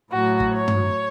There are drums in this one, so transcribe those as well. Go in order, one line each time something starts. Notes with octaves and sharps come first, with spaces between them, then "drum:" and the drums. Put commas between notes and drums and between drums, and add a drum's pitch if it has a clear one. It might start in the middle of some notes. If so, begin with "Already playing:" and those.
A2 F#3 F#4
drum: kick
C#5
drum: tom G2